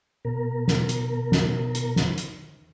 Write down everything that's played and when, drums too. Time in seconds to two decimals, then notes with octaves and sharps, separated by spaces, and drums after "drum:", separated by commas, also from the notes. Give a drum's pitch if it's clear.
0.25 B2 A#4
0.68 drum: snare
0.89 drum: hi-hat
1.32 drum: snare
1.75 drum: hi-hat
1.96 drum: snare
2.18 drum: hi-hat